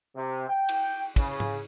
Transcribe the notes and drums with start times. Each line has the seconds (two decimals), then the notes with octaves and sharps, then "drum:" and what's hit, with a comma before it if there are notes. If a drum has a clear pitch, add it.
0.16 C3
0.49 G5
0.69 drum: cymbal
1.16 C#3, drum: kick, cymbal
1.40 drum: tom G#2